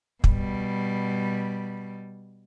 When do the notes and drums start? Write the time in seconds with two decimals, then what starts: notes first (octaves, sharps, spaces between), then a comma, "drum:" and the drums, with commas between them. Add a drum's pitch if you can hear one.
0.24 B2 G3, drum: kick